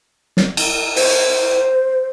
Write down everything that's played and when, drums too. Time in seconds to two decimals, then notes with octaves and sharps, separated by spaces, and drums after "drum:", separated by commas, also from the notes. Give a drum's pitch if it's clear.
0.37 drum: snare
0.57 drum: cymbal
0.96 C5, drum: open hi-hat